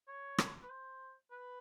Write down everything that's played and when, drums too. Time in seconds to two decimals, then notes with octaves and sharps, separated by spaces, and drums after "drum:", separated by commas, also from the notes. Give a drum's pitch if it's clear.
0.08 C#5
0.38 drum: rim click
0.62 B4
0.69 C5
1.31 B4